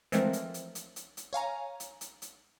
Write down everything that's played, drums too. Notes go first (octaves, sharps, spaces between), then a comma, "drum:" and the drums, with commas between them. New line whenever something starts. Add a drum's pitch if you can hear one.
E3 F3 G#3 A3 C4 A#4, drum: hi-hat
drum: hi-hat
drum: hi-hat
drum: hi-hat
drum: hi-hat
drum: hi-hat
C#5 F5 G#5 A#5
drum: hi-hat
drum: hi-hat
drum: hi-hat